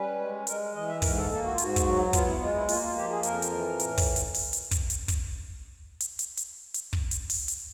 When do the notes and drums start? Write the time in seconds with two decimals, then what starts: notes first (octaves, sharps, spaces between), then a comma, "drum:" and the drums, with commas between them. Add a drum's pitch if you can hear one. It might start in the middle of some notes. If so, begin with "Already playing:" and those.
Already playing: G3 C#4 B4
0.19 G#3
0.47 G#3 A#4, drum: hi-hat
0.75 E3 D#5
0.88 E5
1.02 G#2 A#4, drum: kick, open hi-hat
1.16 A4
1.30 A#3 A4
1.44 F#4
1.53 F4
1.58 G#2 F#4, drum: hi-hat
1.76 drum: kick, hi-hat
1.86 F#3
2.13 B3 F4, drum: kick, hi-hat
2.27 E4
2.41 G#3 F4
2.54 E4
2.69 A#3 F4, drum: open hi-hat
2.82 F4
2.96 F3 G4
3.10 G#4
3.23 F2 A#4, drum: hi-hat
3.42 drum: hi-hat
3.51 E3
3.80 A2, drum: hi-hat
3.98 drum: kick, open hi-hat
4.16 drum: hi-hat
4.34 drum: open hi-hat
4.53 drum: hi-hat
4.71 drum: kick, hi-hat
4.90 drum: hi-hat
5.08 drum: kick, hi-hat
6.00 drum: hi-hat
6.19 drum: hi-hat
6.37 drum: hi-hat
6.74 drum: hi-hat
6.93 drum: kick
7.11 drum: hi-hat
7.30 drum: open hi-hat
7.48 drum: hi-hat